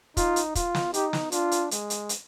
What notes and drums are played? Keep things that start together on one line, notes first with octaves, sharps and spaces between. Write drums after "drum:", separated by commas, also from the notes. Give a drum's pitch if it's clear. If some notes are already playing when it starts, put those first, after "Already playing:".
D#4 F4, drum: kick, hi-hat
drum: hi-hat
F4, drum: kick, hi-hat
drum: snare
D#4 G4, drum: hi-hat
drum: snare
D4 F4, drum: hi-hat
drum: hi-hat
G#3, drum: hi-hat
drum: hi-hat
drum: hi-hat